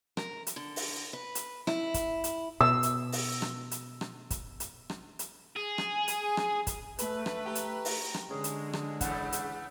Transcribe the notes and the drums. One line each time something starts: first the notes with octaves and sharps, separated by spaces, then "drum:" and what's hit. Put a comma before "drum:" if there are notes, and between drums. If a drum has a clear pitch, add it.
A#4, drum: rim click
drum: hi-hat
D3
drum: open hi-hat
B4
drum: hi-hat
E4, drum: rim click
drum: kick, hi-hat
drum: hi-hat
B2 E6
drum: hi-hat
drum: open hi-hat
drum: rim click
drum: hi-hat
drum: rim click
drum: kick, hi-hat
drum: hi-hat
drum: rim click
drum: hi-hat
G#4
drum: rim click
drum: hi-hat
drum: rim click
drum: kick, hi-hat
A3 B4, drum: hi-hat
drum: rim click
G4 G5 A#5
drum: hi-hat
drum: open hi-hat
drum: rim click
D3 G#3 C#4 G#4
drum: hi-hat
drum: rim click
C#3 E3 A3 F#5 G#5 B5, drum: kick, hi-hat
drum: hi-hat